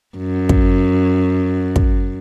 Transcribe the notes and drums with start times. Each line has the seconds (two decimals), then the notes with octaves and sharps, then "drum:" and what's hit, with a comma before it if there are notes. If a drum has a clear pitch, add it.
0.17 F#2
0.49 drum: kick
1.76 drum: kick